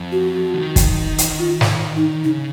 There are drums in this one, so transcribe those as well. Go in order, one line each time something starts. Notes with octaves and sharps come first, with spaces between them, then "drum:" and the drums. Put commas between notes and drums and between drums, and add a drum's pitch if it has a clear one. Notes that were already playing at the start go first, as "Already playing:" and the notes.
Already playing: F2
F#4
D#3
drum: kick, hi-hat
drum: hi-hat
F4
drum: snare
D#4
C#3 D#4